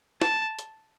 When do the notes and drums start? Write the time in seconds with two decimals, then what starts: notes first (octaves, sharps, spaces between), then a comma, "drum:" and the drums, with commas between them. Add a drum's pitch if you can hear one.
0.22 A5, drum: snare
0.59 drum: hi-hat